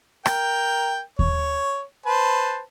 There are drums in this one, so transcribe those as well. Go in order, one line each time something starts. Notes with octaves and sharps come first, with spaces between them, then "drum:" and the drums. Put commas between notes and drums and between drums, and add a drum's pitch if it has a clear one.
A#4 G5, drum: rim click
C#5, drum: kick D#2
B4 C5 A5